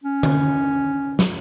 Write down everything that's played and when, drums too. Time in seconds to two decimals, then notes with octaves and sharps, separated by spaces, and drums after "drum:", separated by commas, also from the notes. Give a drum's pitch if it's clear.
0.04 C#4
0.23 drum: tom D3
1.19 drum: snare